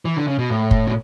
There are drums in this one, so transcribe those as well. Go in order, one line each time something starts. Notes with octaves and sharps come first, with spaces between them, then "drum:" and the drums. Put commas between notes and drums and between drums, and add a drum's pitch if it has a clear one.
E3
D3
C#3
B2
A2
drum: kick
B2